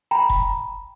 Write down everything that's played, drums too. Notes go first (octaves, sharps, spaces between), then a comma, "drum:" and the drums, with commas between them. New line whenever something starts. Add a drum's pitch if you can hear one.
G5 A#5 B5
drum: kick F1